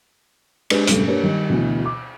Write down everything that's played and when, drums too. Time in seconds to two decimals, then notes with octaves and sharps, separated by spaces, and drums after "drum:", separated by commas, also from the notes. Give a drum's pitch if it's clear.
0.70 G#3 D4 G4 G#4 B4 C5, drum: cymbal
0.87 E1 G2 C#3 G3 A3, drum: hi-hat
1.07 A#3 D4 G4 B4 C#5
1.23 D#3 G3
1.49 D2 B2 E3
1.85 D6